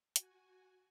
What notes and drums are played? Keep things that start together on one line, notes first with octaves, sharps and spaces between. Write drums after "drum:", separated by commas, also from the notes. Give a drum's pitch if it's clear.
F#4 G#5, drum: hi-hat